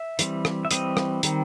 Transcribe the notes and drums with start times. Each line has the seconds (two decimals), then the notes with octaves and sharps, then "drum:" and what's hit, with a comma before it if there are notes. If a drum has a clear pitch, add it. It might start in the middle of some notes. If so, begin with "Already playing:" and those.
Already playing: E5
0.19 E3 G3 C4, drum: hi-hat
0.45 drum: rim click
0.65 E5
0.71 E3 G3 C4 D#5, drum: hi-hat
0.97 drum: rim click
1.23 D#3 G3 C4, drum: hi-hat